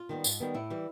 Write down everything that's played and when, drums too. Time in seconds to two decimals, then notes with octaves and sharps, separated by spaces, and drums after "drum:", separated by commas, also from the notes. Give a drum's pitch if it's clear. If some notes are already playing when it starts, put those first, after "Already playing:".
Already playing: F4
0.09 D#3 G3 B3
0.24 G#2, drum: tambourine
0.40 D#3 G3 B3
0.54 A2 E4
0.70 E3 G3